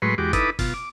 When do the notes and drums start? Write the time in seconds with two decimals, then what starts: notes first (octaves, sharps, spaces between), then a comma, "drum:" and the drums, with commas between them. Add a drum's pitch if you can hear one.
0.02 A2 F#3 G#3 B4 C6 C#6
0.18 E2 G#3 F#4 G4 D6
0.33 D#4 E4 A4 B4 D6 D#6, drum: kick F#1, hi-hat
0.59 B2 F4, drum: kick F#1, open hi-hat
0.74 D6